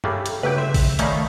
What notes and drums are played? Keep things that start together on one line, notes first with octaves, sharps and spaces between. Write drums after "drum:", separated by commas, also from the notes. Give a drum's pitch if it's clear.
C#3 A3 A#3 G4 A4 B5, drum: tom G2
drum: hi-hat
G1 C#3 F#3 A3 G4 B4 G5
E5 C6
drum: kick, open hi-hat
D#3 A3 C#4 D#4 D5 F5 B5, drum: hi-hat